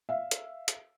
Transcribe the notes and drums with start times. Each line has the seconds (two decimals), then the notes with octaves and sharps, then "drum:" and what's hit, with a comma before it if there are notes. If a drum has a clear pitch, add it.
0.09 E5 F5
0.31 drum: hi-hat
0.68 drum: hi-hat